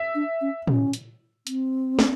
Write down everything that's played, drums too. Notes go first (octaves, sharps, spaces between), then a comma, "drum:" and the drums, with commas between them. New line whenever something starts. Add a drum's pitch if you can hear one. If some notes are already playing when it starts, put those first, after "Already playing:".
Already playing: E5
D4
C#4
C#4, drum: tom A2
drum: hi-hat
C4, drum: hi-hat
drum: snare